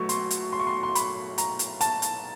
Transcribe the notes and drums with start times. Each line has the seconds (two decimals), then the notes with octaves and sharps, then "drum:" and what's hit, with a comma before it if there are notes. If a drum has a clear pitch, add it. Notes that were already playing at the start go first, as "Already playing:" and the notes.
Already playing: B2 F#3 A3 C#6
0.09 C6, drum: hi-hat
0.31 drum: hi-hat
0.53 C6
0.60 C#6
0.67 C6
0.83 C6
0.95 B5, drum: hi-hat
1.38 A#5, drum: hi-hat
1.59 drum: hi-hat
1.81 A5, drum: hi-hat
2.02 drum: hi-hat